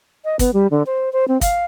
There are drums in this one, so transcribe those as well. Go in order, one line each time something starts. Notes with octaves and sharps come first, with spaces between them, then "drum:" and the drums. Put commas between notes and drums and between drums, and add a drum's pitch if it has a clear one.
D#5
B3, drum: kick, hi-hat
G3
D3
C5
C5
C4
F5, drum: kick, hi-hat